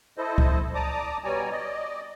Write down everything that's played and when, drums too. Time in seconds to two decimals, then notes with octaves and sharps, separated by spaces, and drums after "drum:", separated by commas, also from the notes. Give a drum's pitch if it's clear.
0.18 E4 A4 C5 D#5
0.38 drum: kick C#2
0.74 D5 A5 A#5 D6 D#6
1.24 B2 G3 C#5 D5 G#5 A#5
1.51 D5 D#5